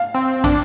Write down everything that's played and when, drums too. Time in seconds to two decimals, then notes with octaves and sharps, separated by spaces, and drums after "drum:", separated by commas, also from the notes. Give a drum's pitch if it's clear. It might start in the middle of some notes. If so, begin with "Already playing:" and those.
Already playing: F5
0.14 C4
0.44 D4, drum: kick, cymbal